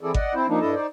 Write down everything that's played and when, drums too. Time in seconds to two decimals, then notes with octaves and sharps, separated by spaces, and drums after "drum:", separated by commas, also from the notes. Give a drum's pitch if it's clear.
0.01 E3 C4 E4 G#4 A4 D5
0.14 D5 D#5 F#5, drum: kick G#1
0.35 C4 E4 C5
0.48 F3 A#3 D4 D#4
0.61 G2 D4 E4 A4 D#5 A5
0.75 D#4 C5 D5